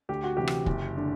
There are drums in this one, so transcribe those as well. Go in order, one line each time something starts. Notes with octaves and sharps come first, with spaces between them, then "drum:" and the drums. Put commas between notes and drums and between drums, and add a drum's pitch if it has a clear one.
D2 G4
F#4
C3 E3 G4
drum: rim click
F#1, drum: kick
D3